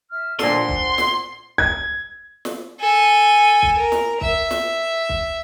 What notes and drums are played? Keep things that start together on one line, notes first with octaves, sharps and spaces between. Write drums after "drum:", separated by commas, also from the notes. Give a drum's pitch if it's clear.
E5 F6
A#2 D4 A4 C5 F#5 C6, drum: snare
drum: kick
drum: snare
G#6, drum: kick
drum: snare
A4 G#5
drum: kick
A#4
drum: snare
E5, drum: kick
drum: snare
drum: kick